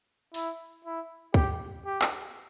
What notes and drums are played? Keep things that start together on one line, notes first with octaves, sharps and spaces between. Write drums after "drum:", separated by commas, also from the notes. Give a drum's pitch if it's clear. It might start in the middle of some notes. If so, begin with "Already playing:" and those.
E4, drum: open hi-hat
E4
G4, drum: kick
G4
drum: clap